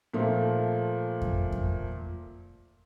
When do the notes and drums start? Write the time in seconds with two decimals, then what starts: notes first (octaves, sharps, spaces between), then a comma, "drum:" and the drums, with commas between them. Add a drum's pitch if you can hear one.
0.14 A#2 F3 A3
1.21 drum: kick F2
1.52 drum: kick F2